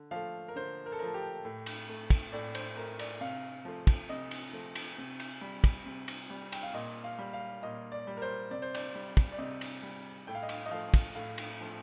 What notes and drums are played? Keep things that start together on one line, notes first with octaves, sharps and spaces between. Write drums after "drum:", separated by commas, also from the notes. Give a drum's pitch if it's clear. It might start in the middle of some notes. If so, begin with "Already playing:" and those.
Already playing: D3
F3 A3 F5
A#4
D3 C5
A#4
A4
F3 A3 A#4
G4
A2
drum: cymbal
A3
drum: kick, cymbal
A2 D5
C5, drum: cymbal
A3 A#4
D5, drum: cymbal
C3 F5
F3 A3
drum: kick, cymbal
C3 D#5
drum: cymbal
F3 A3
drum: cymbal
C3
drum: cymbal
G3
drum: kick, cymbal
C3
drum: cymbal
G3
G5, drum: cymbal
F5
A#2 D#5
F5
G3
F5
A#2 D#5
D5
G3
A#4
C5
C3 D5
C5
D5, drum: cymbal
G3
drum: kick, cymbal
D5
C3 D#5
drum: cymbal
G3
A2 G5
F5
D#5
F5, drum: cymbal
D#5
F3 A3 F5
drum: kick, cymbal
A2 F5
drum: cymbal
F3 A3